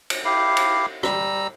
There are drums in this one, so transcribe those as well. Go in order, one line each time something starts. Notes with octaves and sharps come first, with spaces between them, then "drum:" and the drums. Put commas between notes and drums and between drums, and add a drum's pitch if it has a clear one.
drum: cymbal
E4 G4 F5
drum: cymbal
G3 A#5 E6, drum: rim click